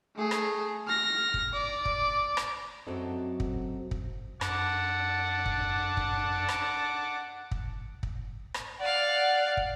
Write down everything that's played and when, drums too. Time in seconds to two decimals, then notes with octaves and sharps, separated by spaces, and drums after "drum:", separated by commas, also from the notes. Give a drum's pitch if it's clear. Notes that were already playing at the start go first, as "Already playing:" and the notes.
0.16 A3 G#4
0.31 drum: rim click
0.87 F6 A#6
1.34 drum: kick
1.53 D5
1.85 drum: kick
2.37 drum: rim click
2.87 F#2 F#3 C4 F#4 A4 D#5
3.40 drum: kick
3.91 drum: kick
4.41 F#2 F#5 A5 D6, drum: rim click
5.46 drum: kick
5.97 drum: kick
6.49 drum: rim click
7.51 drum: kick
8.03 drum: kick
8.54 drum: rim click
8.80 D5 F5 F#5
9.57 drum: kick